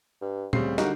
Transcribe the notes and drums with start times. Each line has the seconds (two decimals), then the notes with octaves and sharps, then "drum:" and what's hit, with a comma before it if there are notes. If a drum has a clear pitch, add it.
0.21 G2
0.53 D2 C#3 G3 C4 C7, drum: tom A#2
0.78 D3 G3 D#4 F#4 A#4, drum: snare